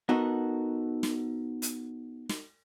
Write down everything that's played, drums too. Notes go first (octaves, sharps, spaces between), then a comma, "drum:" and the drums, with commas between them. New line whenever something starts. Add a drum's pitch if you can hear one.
B3 D#4 F#4 A4 A#4
drum: snare
drum: hi-hat
drum: snare